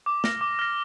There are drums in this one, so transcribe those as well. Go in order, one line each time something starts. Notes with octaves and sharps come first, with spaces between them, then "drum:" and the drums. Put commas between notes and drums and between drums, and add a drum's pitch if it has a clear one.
D6
F6 A#6, drum: snare
D6
F6 A#6